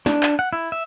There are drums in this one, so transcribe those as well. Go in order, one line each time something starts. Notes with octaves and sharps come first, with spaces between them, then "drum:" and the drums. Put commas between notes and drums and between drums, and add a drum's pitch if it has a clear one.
D4, drum: snare
drum: clap
F#5
E4
E5